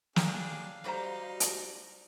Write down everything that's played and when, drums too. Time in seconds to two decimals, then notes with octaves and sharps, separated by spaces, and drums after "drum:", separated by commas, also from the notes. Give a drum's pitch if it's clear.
0.16 F#3 D4 G4 G#4 F5, drum: snare
0.84 G3 D4 D#4 F#4 G4 C5 A#5
1.40 drum: hi-hat